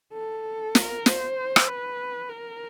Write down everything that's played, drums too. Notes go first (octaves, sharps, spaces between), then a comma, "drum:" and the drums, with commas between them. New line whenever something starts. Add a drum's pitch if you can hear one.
A4
A#4, drum: snare
C5, drum: snare
drum: rim click
B4
A#4